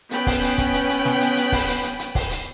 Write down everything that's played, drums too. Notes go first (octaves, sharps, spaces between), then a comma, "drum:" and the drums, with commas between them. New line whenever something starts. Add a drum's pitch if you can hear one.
B3 C#4 G5 B5, drum: hi-hat
drum: kick, open hi-hat
drum: hi-hat
drum: kick, hi-hat
drum: hi-hat
drum: hi-hat
drum: snare
drum: hi-hat
drum: hi-hat
drum: kick, open hi-hat
drum: hi-hat
drum: hi-hat
drum: hi-hat
drum: kick, open hi-hat
drum: hi-hat